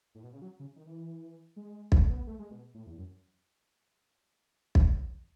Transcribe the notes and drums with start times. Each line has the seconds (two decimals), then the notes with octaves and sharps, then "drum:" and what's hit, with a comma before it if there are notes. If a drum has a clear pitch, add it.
0.15 A2
0.23 B2
0.33 C#3
0.42 F#3
0.60 C#3
0.76 D#3
0.86 E3
1.56 G#3
1.92 A3, drum: kick
2.10 B3
2.27 A3
2.39 G#3
2.51 B2
2.74 A2
2.86 E2
2.98 F#2
4.75 drum: kick